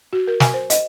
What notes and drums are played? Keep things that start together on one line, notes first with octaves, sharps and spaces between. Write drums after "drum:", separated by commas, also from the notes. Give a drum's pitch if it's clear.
F#4
A#4
G#5, drum: snare
C5
D#5, drum: hi-hat